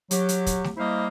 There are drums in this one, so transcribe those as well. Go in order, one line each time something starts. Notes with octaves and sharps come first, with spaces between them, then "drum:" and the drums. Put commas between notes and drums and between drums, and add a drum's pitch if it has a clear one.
F#3 G4, drum: hi-hat
drum: hi-hat
drum: kick, hi-hat
drum: snare A3
G3 A#3 E4 C5 D#5 F5